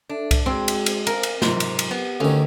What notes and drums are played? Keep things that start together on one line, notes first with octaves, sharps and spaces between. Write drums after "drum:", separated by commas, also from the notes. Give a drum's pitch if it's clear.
D4 A4 E5
drum: kick C2, cymbal
G#3 C4 F#4 G#4
drum: cymbal
drum: cymbal
A#4 C5 F5 G#5, drum: cymbal
drum: cymbal
G#2 C3 F#3 F4 C5, drum: snare
drum: cymbal
drum: cymbal
B3 G4 B4
D2 D#3 C#4